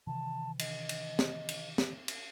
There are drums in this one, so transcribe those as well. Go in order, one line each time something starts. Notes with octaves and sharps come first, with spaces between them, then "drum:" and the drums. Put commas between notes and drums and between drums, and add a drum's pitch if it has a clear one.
C3 D#3 E3 A5
D#5, drum: cymbal
drum: cymbal
drum: snare
drum: cymbal
drum: snare
drum: cymbal